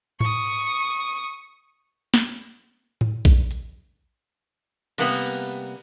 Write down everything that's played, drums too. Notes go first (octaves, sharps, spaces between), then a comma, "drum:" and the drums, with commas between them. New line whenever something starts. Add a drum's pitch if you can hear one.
C#6 D#6, drum: tom G#2
drum: snare
drum: tom G#2
drum: kick A#1
drum: hi-hat
C3 G3 A#3 B3, drum: cymbal